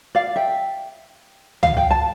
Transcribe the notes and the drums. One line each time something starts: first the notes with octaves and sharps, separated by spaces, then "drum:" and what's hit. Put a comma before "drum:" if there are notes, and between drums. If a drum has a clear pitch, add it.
D5 F5
E5 G5
F5, drum: tom C#2
G5
A5